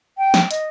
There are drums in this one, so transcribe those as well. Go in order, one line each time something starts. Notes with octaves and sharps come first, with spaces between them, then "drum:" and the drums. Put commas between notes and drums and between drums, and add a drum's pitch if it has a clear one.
G5
drum: snare
D#5, drum: hi-hat